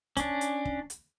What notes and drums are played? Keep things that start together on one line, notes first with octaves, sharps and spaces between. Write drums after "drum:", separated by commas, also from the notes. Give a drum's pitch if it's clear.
C#4 D4, drum: kick, hi-hat
drum: hi-hat
drum: kick
drum: hi-hat